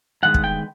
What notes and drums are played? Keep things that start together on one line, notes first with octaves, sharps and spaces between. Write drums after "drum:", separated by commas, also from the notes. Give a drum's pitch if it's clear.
G2 D#3 G#3 B3 F#5
drum: kick
G5